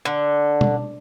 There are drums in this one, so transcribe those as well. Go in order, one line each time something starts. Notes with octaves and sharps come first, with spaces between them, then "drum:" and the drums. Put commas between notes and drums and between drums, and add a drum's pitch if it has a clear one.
D3
drum: tom B2